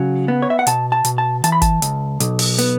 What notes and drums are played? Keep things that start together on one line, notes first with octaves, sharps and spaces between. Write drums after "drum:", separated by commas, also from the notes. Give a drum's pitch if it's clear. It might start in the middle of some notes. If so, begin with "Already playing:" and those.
Already playing: C#3 F#3
B3
C#5
E5
F#5
B2 A5, drum: hi-hat
A5
B2, drum: hi-hat
A5
E3 A5, drum: hi-hat
B5
A5, drum: kick G1, hi-hat
C#2, drum: hi-hat
B1, drum: hi-hat
drum: open hi-hat
B3, drum: hi-hat